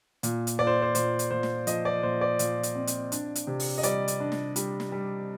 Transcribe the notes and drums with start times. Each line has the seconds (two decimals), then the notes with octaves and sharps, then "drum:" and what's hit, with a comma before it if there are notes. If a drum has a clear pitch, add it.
0.23 A#2, drum: hi-hat
0.47 drum: hi-hat
0.59 A#2 D5
0.67 C5
0.82 C5
0.95 A#2 C5, drum: hi-hat
1.19 drum: hi-hat
1.31 A#2 C5
1.43 drum: snare
1.67 F3 D#5, drum: hi-hat
1.85 D5
2.03 A#2 C5
2.21 D5
2.39 A#2, drum: hi-hat
2.63 drum: hi-hat
2.75 C4
2.87 drum: hi-hat
3.12 D4, drum: hi-hat
3.35 drum: hi-hat
3.47 C3
3.60 drum: open hi-hat
3.78 D#5
3.83 G3 D5, drum: hi-hat
4.08 drum: hi-hat
4.20 D4
4.32 drum: snare
4.56 G3, drum: hi-hat
4.80 drum: snare
4.92 G3